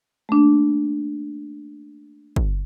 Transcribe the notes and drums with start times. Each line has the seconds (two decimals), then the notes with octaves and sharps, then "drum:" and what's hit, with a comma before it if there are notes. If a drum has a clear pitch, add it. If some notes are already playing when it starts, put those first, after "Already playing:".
0.29 A3 A#3 D4
2.36 drum: kick